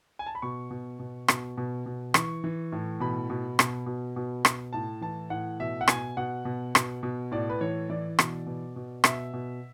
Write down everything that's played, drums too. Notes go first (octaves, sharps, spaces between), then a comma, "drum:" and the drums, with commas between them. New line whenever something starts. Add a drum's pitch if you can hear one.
G#5
A5
B5
B2 C#6
B2
B2
B2, drum: rim click
B2
B2
E3 C#6, drum: rim click
E3
A2
B2 B5
B2
B2, drum: rim click
B2
B2
B2, drum: rim click
A2 A5
E3 A5
A2 F#5
B2 E5
F#5
B2 G#5, drum: rim click
B2 F#5
B2
B2, drum: rim click
B2
A2 D5
B4
E3 C#5
E3 D5
B2, drum: rim click
B2
B2
B2 E5, drum: rim click
B2